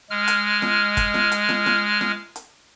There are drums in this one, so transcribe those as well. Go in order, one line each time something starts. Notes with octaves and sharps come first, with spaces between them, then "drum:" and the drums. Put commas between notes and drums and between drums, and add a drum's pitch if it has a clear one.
G#3 F6
drum: hi-hat
drum: snare
drum: kick, hi-hat
drum: snare
drum: hi-hat
drum: snare
drum: snare
drum: snare
drum: hi-hat